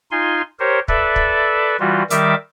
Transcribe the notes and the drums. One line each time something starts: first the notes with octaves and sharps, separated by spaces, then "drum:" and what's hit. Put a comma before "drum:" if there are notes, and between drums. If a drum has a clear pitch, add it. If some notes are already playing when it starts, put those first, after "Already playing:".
D#4 F4 G#5 C6
G4 A#4 C5 C#5
A4 B4 D5 E5, drum: kick
drum: kick
E3 G3 F4 F#4
D#3 G3 A#4 E5 D6, drum: hi-hat